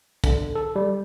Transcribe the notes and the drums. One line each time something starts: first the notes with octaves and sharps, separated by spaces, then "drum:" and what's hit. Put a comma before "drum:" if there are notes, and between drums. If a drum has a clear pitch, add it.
D3, drum: kick, tambourine
A4
G3